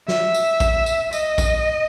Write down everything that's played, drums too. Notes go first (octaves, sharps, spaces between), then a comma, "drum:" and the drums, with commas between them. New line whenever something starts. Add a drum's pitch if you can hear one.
E5, drum: snare
drum: tambourine
drum: kick A#1, tambourine
drum: tambourine
D#5, drum: tambourine
drum: kick A#1, tambourine